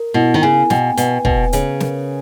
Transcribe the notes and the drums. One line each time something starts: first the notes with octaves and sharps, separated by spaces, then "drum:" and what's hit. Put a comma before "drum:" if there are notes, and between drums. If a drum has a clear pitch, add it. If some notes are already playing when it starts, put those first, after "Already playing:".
Already playing: A#4
B2 E4
D#3
C#3 G#5
B2 G5, drum: snare
B2 B4, drum: hi-hat
B2 B4, drum: kick
C#3 C#5, drum: hi-hat
A#4, drum: snare